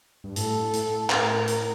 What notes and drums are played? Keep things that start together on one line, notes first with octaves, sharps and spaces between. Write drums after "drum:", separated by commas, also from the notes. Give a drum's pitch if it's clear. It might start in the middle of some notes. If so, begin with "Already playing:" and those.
G2
A2 A4, drum: hi-hat
A2, drum: hi-hat
A2 A#4, drum: clap
drum: hi-hat